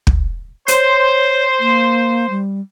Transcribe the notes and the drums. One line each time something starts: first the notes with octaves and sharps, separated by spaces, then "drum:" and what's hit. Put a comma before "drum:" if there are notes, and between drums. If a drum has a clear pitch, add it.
drum: kick
C5 C#5, drum: hi-hat
A#3
G3